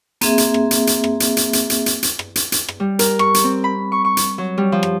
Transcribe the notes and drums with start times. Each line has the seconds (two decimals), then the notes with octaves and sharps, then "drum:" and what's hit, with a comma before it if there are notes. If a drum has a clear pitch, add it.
0.21 A#3 C4 G#4 E5, drum: hi-hat
0.38 drum: hi-hat
0.54 drum: rim click
0.71 drum: hi-hat
0.87 drum: hi-hat
1.04 drum: rim click
1.20 drum: hi-hat
1.37 drum: hi-hat
1.53 drum: hi-hat
1.70 drum: hi-hat
1.86 drum: hi-hat
2.03 drum: hi-hat
2.19 drum: rim click
2.36 drum: hi-hat
2.52 drum: hi-hat
2.69 drum: rim click
2.80 G3
2.99 A#4, drum: hi-hat
3.19 C#6, drum: rim click
3.34 drum: hi-hat
3.44 C4
3.64 B5
3.92 C#6
4.05 C#6
4.17 drum: hi-hat
4.38 F#3
4.58 G3
4.72 F3
4.83 drum: rim click